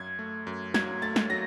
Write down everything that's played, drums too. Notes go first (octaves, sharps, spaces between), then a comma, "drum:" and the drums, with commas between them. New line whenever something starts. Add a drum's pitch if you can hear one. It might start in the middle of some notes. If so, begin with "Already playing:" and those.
Already playing: F#2 G#6
A3
F#2
F#3 G#6, drum: snare
A3 A6
drum: snare
F#3 A#6